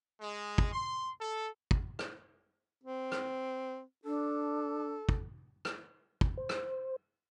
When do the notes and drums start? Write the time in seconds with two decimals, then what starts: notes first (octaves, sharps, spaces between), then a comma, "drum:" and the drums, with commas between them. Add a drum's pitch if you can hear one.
0.21 G#3
0.58 drum: kick
0.72 C6
1.21 A4
1.71 drum: kick
1.99 drum: rim click
2.83 C4
3.12 drum: rim click
4.05 D4 A4
5.09 drum: kick
5.65 drum: rim click
6.21 drum: kick
6.37 C5
6.49 drum: rim click